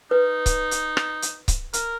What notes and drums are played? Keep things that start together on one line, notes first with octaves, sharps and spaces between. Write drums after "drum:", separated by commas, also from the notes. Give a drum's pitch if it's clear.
D#4 B4
drum: kick C#1, hi-hat
drum: hi-hat
drum: rim click
drum: hi-hat
drum: kick C#1, hi-hat
A#4, drum: hi-hat